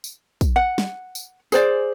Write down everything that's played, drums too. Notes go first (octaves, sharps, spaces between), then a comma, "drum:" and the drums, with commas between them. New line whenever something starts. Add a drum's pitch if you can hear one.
drum: tambourine
drum: kick, tambourine
F#5
drum: snare
drum: tambourine
G#4 C5 D5, drum: tambourine